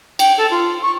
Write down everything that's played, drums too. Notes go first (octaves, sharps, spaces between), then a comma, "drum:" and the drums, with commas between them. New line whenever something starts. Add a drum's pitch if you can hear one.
G5, drum: cymbal
A4
F4
C#6